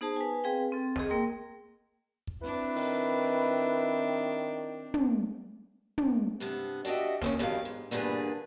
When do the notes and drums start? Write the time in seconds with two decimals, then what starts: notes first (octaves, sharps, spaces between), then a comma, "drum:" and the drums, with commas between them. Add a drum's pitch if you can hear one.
0.01 B3 D#4 G#4 C5 A5
0.16 B4 G#5
0.44 C4 G#4 B4 F5 G5
0.72 C4 A4
0.96 G#4 D#5, drum: snare
1.10 A#3 A#4 G5 C6
2.27 drum: kick
2.43 C4 D4 E4 B4
2.76 D#3, drum: open hi-hat
4.94 drum: tom
5.98 drum: tom
6.40 G2 C3 B3
6.85 D4 F#4 G4 D#5 E5
7.22 A#3 C4 C#4, drum: snare
7.39 E2 G2 D#3 F#3 F5
7.65 G#2
7.91 E2 G2 A#2 D3 G#4 B4